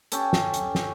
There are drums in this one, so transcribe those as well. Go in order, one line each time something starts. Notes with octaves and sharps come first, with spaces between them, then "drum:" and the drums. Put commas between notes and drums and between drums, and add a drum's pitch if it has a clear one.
C#4 G4 A4, drum: hi-hat
drum: snare
drum: hi-hat
drum: snare